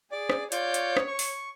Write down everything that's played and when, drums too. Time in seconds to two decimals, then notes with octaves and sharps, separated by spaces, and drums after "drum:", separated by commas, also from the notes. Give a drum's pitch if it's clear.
0.12 G#4 D5
0.29 drum: rim click
0.52 F4 C#5 D5 G6, drum: hi-hat
0.74 drum: hi-hat
0.97 drum: rim click
1.07 C#6
1.19 drum: open hi-hat